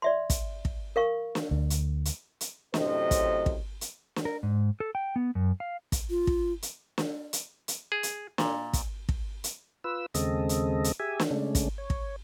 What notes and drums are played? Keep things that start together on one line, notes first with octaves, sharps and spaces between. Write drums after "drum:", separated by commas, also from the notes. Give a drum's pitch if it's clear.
D5 E5 C6
drum: kick, hi-hat
drum: kick
A#4 F5 C#6
drum: snare
D2
drum: hi-hat
drum: hi-hat
drum: hi-hat
F#2 A2 C3 C5 D#5, drum: snare
drum: kick, hi-hat
drum: kick
drum: hi-hat
drum: snare
A#4
G#2
A4
G5
B3
F#2
F5
drum: kick, hi-hat
F4
drum: kick
drum: hi-hat
drum: snare
drum: hi-hat
drum: hi-hat
G#4
drum: hi-hat
A#2, drum: snare
drum: kick, hi-hat
drum: kick
drum: hi-hat
F4 B4 E6
D#2 C#3 G#3 C4 A4 D#5, drum: hi-hat
drum: hi-hat
drum: hi-hat
G4 G#4 E5 G#5
drum: snare
C#3 G#3 A3 C#4 D4
drum: kick, hi-hat
C#5
drum: kick